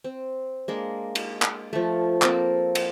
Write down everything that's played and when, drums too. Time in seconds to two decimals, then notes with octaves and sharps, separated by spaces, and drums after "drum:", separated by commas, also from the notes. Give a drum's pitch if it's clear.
0.04 C4
0.68 G#3 A#3 D4
1.15 drum: cymbal
1.42 drum: clap
1.73 F3 A3
2.22 A#3 C4 A4, drum: clap
2.75 drum: cymbal